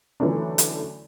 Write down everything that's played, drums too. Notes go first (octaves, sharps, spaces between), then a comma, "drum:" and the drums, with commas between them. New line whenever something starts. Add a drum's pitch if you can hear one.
D3 E3 F#3 A3 C#4 D4
drum: hi-hat